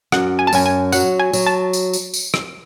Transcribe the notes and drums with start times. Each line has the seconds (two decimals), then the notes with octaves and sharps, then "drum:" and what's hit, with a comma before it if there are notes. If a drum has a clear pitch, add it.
0.12 F#2 F#5, drum: rim click
0.39 G#5
0.47 A5
0.53 F#2 G#5, drum: tambourine
0.66 G#5
0.92 F#3 F#5, drum: tambourine
1.19 G#5
1.33 F#3, drum: tambourine
1.46 A5
1.73 drum: tambourine
1.93 drum: tambourine
2.14 drum: tambourine
2.34 drum: rim click